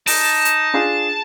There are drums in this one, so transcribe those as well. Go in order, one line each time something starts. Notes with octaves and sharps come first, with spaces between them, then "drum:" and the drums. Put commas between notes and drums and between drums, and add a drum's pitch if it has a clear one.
D#4 A5, drum: open hi-hat
drum: hi-hat
D4 F4 G#4